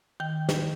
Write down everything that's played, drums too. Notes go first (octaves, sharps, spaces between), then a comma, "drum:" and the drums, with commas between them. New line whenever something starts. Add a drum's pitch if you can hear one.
D#3 G5
drum: snare